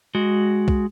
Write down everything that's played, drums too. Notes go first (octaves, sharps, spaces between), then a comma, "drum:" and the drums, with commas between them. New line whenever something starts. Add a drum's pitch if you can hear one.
G#3 F#4
drum: kick